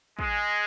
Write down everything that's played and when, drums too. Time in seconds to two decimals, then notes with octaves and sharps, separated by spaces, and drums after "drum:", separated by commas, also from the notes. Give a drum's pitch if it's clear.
0.19 G#3, drum: kick